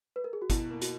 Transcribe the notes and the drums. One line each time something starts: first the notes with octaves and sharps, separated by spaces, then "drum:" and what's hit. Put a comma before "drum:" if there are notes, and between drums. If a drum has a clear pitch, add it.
B4
A#4
G#4
F#4
B2 E4, drum: kick G1, hi-hat
A#3
F#4, drum: hi-hat